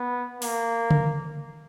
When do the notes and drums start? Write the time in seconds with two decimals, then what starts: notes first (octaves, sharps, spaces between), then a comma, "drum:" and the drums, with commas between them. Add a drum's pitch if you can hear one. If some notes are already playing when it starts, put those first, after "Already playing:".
Already playing: B3
0.42 A#3, drum: open hi-hat
0.90 drum: tom C#3